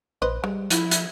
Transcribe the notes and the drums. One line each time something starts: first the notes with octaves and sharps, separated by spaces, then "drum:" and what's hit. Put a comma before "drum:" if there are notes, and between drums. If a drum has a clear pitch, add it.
A#1 B4 C5 D#5
G3 G#3
F3 E4, drum: hi-hat
drum: hi-hat